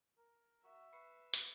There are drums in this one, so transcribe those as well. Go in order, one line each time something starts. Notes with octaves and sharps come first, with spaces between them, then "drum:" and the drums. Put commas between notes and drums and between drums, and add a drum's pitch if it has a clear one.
A#4
F#4 E5
B4 C#6 C7 C#7
drum: hi-hat